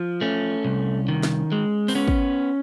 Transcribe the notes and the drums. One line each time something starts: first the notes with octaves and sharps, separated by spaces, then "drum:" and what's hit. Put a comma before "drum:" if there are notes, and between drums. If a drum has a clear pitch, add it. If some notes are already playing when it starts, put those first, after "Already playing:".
Already playing: F3
A3 C#4
C2
D#3
drum: snare
G#3
C4, drum: open hi-hat
B3 C#4
drum: kick